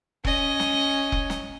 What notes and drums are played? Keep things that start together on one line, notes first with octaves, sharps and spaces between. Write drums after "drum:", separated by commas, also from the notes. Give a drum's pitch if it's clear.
C#4 D#5, drum: kick E1
drum: snare
drum: kick E1
drum: snare